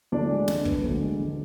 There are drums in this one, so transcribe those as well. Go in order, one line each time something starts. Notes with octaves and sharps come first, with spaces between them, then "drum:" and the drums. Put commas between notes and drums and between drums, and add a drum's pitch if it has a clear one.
D2 D4 D5
G#3
D3, drum: snare
B3, drum: kick
D2
G#3
D3